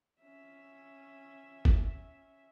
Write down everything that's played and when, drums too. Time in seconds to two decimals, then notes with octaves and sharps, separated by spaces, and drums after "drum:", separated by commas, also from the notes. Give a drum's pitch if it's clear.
0.21 C#4 E5
1.65 drum: kick